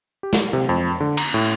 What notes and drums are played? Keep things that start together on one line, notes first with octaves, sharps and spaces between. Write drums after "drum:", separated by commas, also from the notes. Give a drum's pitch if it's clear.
G4
drum: snare
C3
F2
D3
A#5, drum: cymbal
A2